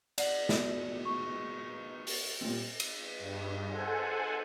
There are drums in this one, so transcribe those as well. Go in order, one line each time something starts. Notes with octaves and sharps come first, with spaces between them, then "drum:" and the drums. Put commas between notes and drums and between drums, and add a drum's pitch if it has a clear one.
D5 F#5 C7 F#7, drum: cymbal
B2, drum: snare
C#6
drum: open hi-hat
A#2 G3 C4
drum: cymbal
G2
A4 C5 F#5 G#5